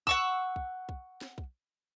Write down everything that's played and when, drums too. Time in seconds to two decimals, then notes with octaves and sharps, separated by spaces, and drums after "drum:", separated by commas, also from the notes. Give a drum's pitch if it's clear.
0.07 F#5 C#6 E6, drum: kick
0.56 drum: kick
0.89 drum: kick
1.21 drum: snare
1.38 drum: kick